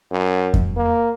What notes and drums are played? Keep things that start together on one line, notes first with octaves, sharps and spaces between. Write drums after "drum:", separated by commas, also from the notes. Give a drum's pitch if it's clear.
F#2
drum: kick F2
A#3